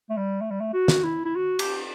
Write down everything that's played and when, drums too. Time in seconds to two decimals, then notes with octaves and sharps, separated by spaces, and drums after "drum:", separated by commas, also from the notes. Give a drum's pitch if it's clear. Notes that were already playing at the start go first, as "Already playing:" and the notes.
0.10 A3
0.17 G3
0.41 A3
0.51 G3
0.60 A3
0.73 F#4
0.88 drum: snare
1.04 E4
1.25 E4
1.36 F#4
1.59 G4, drum: cymbal